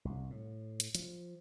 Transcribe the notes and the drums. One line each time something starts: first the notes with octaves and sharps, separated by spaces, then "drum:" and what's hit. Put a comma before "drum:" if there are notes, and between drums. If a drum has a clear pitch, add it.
C2
A2
drum: hi-hat
F3, drum: hi-hat